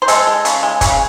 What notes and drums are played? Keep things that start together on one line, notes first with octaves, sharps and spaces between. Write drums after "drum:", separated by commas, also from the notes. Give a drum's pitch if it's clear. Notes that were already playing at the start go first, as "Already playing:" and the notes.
C5
G#3 A4, drum: hi-hat
G#3
C#3, drum: hi-hat
G#3
C#3, drum: kick, hi-hat